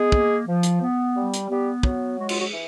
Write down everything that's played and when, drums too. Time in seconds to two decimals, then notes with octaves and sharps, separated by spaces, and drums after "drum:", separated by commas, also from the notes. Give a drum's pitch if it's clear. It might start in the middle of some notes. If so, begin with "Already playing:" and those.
Already playing: G#3 B3 G#4
0.12 A#3, drum: kick
0.47 F3
0.63 drum: hi-hat
0.82 B3
1.15 G3
1.34 drum: hi-hat
1.49 G3 B3 G4
1.83 F#3, drum: kick
2.18 G#3 F#4
2.29 F4, drum: cymbal
2.39 F#3 F#4
2.52 E3